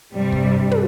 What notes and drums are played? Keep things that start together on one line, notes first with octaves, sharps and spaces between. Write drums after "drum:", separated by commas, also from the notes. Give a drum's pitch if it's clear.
G2 C3 G3
drum: kick
drum: tom